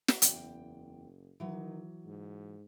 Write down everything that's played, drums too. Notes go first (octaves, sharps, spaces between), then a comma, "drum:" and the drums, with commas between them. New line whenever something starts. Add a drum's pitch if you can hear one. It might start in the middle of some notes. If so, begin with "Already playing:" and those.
drum: snare
F#1 E2 G5, drum: hi-hat
D#3 E3 F#3
G#2